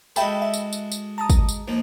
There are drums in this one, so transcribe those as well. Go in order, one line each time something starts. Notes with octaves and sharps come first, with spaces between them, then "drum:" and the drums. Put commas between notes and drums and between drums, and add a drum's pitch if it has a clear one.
G#3 F#4 A4 E5 G5 B5, drum: tambourine
E5
drum: tambourine
drum: tambourine
drum: tambourine
A5 A#5 D#6
drum: kick, tambourine
drum: tambourine
D#2 F3 A#3